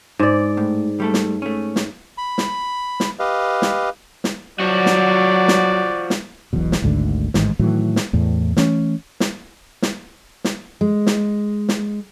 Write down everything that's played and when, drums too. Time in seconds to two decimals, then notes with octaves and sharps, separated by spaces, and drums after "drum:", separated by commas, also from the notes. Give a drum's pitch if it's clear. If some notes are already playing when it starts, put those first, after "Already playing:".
0.19 G#2 D5
0.57 A2
1.00 G3 A3 A4
1.14 drum: snare
1.42 A3 C#4
1.76 drum: snare
2.18 B5
2.38 drum: snare
3.00 drum: snare
3.19 G4 B4 D#5 F5
3.62 drum: snare
4.24 drum: snare
4.60 F3 F#3 F#4 D5
4.86 drum: snare
5.48 drum: snare
6.10 drum: snare
6.53 E1 B1 E2 B2
6.72 drum: snare
6.82 G#1 D2 G#2 D3
7.34 A1 G#2 D#3, drum: snare
7.59 A2 D#3 E3 F#3
7.96 drum: snare
8.13 E2 A2
8.57 E3 A3 C#4, drum: snare
9.20 drum: snare
9.82 drum: snare
10.44 drum: snare
10.81 G#3
11.07 drum: snare
11.69 drum: snare